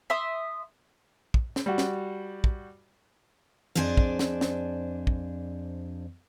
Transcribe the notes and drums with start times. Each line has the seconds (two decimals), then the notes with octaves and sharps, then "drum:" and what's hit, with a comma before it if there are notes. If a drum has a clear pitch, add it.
0.10 E5 C6 D#6
1.34 drum: kick
1.56 drum: snare
1.66 G3 F#4
1.78 drum: snare
2.44 drum: kick
3.75 F2 D4 G#4 C5 D5 G#5
3.97 drum: kick
4.19 drum: snare
4.41 drum: snare
5.07 drum: kick